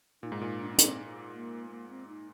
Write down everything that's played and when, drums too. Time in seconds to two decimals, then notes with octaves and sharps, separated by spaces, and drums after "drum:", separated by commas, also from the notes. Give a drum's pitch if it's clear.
0.23 A#2 D#4
0.32 G#2
0.41 A#2 D#4
0.60 D4
0.72 D4
0.78 C4, drum: hi-hat
1.34 A#3
1.71 A#3
1.89 C4
2.08 D#4